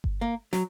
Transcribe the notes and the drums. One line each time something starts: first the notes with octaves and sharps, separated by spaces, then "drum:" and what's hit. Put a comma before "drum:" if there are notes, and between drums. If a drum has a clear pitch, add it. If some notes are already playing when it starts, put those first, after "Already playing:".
drum: kick G1
A#3
F#3, drum: snare